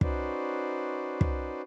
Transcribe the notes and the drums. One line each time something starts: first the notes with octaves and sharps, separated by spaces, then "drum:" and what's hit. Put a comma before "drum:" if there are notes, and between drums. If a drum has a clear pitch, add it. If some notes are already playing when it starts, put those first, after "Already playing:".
C#4 D#4 F#4 B4 C5 D5, drum: kick
drum: kick